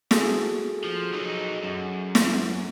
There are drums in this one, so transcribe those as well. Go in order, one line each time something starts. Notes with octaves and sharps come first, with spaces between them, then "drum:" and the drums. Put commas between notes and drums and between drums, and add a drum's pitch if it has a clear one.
F#4 G#4 A4, drum: snare
F3
F#3 D#4
F#2
drum: snare